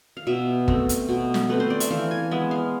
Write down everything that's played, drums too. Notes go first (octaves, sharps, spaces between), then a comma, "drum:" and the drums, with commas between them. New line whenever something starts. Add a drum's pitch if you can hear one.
F5
B2 E5
A3 C4, drum: kick
drum: hi-hat
B2
drum: snare
A3 C4 B4
C5
D5
E5, drum: hi-hat
E3 F5
G#5
G#3 B3 E5
F5